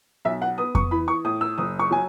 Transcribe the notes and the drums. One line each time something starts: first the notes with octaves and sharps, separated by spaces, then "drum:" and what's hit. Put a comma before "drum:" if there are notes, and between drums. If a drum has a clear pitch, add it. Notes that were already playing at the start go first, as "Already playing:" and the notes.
B1 E5
F#5
B3 D#6
C#6, drum: kick F2
E3 B5
C#6
A2 D#6
E6
F#1 D#6
C#6
F#3 G#5